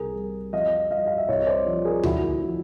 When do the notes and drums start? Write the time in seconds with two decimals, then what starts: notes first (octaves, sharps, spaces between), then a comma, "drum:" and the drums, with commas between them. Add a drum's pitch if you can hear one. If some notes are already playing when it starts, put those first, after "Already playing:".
Already playing: C2 G#4 A#4
0.15 G3
0.53 F2 D#5 F5
0.91 G3 D#5 F5
1.07 F5
1.17 E5
1.29 C2 C#5 D#5
1.47 C5 D5
1.66 F3
1.85 G#4 A#4
2.03 D2 E4 F#4, drum: tom D2
2.42 F3